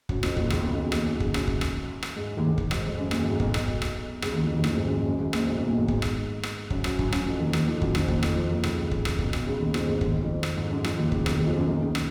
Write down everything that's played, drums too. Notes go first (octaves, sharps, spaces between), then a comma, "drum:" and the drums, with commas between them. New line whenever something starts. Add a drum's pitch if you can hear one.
F#2 F#3, drum: kick
F2 F3, drum: rim click
D#2 D#3, drum: kick
C#2 C#3, drum: rim click
B1 B2
C#2 C#3
B1 B2
D#2 D#3, drum: rim click
F#2 F#3
G#2 G#3, drum: kick
F#2 F#3, drum: rim click
drum: kick
drum: rim click
drum: rim click
G#2 G#3
D#2 D#3
D#2 D#3
drum: kick
G#1 G#2, drum: rim click
F2
F#2
A#2, drum: rim click
G#1 G#2
G#1 G#2
B1 B2, drum: kick
drum: rim click
drum: kick
drum: rim click
C#2 C#3, drum: rim click
D#2 D#3
F2 F3
D#2 D#3
A#1 A#2, drum: rim click
G#1 G#2
F#2
F2
F#2
G#1 G#2
A#1 A#2, drum: rim click
B1 B2
B1 B2
A#1 A#2
G#1 G#2
drum: kick
drum: rim click
drum: rim click
F#2 F#3, drum: kick
F#2 F#3, drum: rim click
F#2 F#3, drum: kick
F#2 F#3, drum: rim click
F2 F3
D#2 D#3
D#2 D#3, drum: rim click
F2 F3
F#2 F#3, drum: kick
F2 F3, drum: rim click
D#2 D#3, drum: kick
F2 F3, drum: rim click
F2 F3
D#2 D#3
C#2 C#3, drum: rim click
drum: kick
drum: rim click
B1 B2, drum: kick
B1 B2, drum: rim click
C#2 C#3
D#2 D#3
F2 F3, drum: rim click
G#2 G#3
D#2 D#3, drum: kick
F2 F3
drum: rim click
G#2 G#3
F#2 F#3
F2 F3, drum: rim click
D#2 D#3
C#2 C#3, drum: kick
B1 B2, drum: rim click
D#2 D#3
F2 F3
F#2 F#3
D#2 D#3
C#2 C#3
B2, drum: rim click